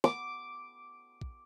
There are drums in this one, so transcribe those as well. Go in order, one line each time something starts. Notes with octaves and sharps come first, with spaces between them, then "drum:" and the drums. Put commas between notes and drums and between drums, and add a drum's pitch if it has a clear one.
D6, drum: snare
drum: kick